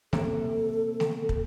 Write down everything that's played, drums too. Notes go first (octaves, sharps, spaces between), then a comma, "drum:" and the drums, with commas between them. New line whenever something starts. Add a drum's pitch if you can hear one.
C3 A#3 A4, drum: snare A3
drum: snare A3
drum: kick